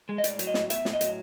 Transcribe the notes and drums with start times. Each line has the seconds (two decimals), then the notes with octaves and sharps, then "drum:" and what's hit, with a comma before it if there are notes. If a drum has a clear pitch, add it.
0.09 G#3
0.18 D#5
0.24 A2 D5, drum: hi-hat
0.39 F#3, drum: hi-hat
0.47 D#5
0.54 A2, drum: snare
0.70 B3 E5, drum: hi-hat
0.85 A2, drum: snare
0.93 D#5
1.01 F#3, drum: hi-hat